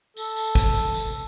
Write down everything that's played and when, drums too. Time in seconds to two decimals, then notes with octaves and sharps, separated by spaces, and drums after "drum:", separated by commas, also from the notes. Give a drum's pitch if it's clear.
0.17 A4, drum: tambourine
0.36 drum: tambourine
0.55 drum: kick, tambourine
0.75 drum: tambourine
0.94 drum: tambourine